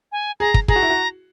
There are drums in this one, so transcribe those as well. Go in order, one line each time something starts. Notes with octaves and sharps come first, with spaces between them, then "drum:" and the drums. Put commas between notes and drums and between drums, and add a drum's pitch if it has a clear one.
G#5
G#4 A#5
drum: kick
G#4 A#5, drum: kick
F#4
E4
F#4